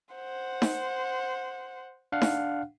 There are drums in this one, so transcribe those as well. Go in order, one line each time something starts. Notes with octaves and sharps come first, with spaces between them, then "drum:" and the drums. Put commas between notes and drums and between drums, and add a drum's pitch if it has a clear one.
C5 F#5
drum: snare D#4
D4 F5 F#5
drum: snare D#4